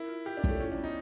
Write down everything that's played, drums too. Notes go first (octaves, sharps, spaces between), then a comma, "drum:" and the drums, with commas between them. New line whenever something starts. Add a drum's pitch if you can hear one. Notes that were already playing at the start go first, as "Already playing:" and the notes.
Already playing: E4 A#4
F4
F4 G4
D4
A3 C#5, drum: kick
C#4 E4
D4
B3
D#4